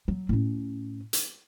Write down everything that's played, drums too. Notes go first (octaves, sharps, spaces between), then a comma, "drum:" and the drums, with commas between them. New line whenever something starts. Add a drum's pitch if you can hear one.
F#3
A2 C#4
drum: hi-hat